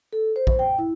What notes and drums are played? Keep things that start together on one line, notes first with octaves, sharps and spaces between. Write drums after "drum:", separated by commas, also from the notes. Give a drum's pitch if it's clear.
A4
C5
drum: kick
G5
E4